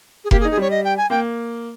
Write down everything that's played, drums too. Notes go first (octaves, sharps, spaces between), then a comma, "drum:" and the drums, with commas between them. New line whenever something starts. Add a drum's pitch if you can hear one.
G#4
A#3 G4, drum: kick F1
G#4
D#4
G#4
G3 C#5
D#5
G5
G#5
A#3 G5